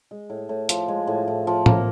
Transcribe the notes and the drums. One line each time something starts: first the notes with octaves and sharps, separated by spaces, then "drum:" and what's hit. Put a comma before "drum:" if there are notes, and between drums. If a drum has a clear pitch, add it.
G#3
A2
A2
F3, drum: hi-hat
G#3
A2
A2
F3
A#3, drum: tom